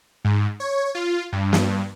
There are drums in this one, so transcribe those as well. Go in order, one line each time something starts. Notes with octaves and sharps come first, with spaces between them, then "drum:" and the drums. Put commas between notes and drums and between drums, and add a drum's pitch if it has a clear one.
G#2
C#5
F4
G2
drum: snare